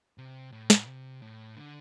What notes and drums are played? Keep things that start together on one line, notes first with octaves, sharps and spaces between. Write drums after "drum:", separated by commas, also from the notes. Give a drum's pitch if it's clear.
C3
A2
drum: snare
C3
A2
D3